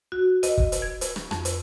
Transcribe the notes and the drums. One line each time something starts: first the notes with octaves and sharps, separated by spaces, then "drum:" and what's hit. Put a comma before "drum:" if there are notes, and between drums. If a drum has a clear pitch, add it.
F#4
D#5, drum: hi-hat
drum: kick
drum: hi-hat
G#6
drum: hi-hat
drum: rim click
F2, drum: rim click
drum: hi-hat